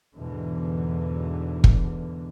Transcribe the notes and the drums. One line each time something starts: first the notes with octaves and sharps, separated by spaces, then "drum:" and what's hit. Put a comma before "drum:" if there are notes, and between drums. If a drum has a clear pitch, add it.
E2 G#2 B2 D3 E3
drum: kick